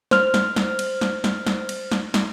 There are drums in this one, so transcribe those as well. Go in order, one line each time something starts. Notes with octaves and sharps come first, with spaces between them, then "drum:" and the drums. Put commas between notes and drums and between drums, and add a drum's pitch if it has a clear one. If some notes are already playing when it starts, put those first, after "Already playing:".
C5 F6, drum: snare
drum: snare
drum: snare
drum: cymbal
drum: snare
drum: snare
drum: snare
drum: cymbal
drum: snare
drum: snare